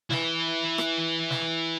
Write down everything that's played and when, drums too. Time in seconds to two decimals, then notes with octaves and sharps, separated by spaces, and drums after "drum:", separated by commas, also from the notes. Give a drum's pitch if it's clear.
0.11 E4 B4, drum: snare
0.78 drum: rim click
1.30 drum: snare